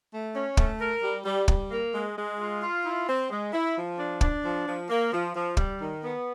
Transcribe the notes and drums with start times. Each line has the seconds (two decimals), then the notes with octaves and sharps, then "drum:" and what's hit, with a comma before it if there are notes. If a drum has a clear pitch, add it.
0.12 A3
0.34 C#4
0.57 A3, drum: kick
0.80 A#4
1.02 G3
1.25 G3
1.48 G3, drum: kick
1.71 A#3
1.93 G#3
2.17 G#3
2.39 F4
2.61 F4
2.84 E4
3.07 C4
3.30 G#3
3.53 E4
3.76 F3
3.98 D4
4.21 D4, drum: kick
4.43 F3
4.67 F3
4.89 A#3
5.12 F3
5.34 F3
5.57 G3, drum: kick
5.80 D#3
6.03 B3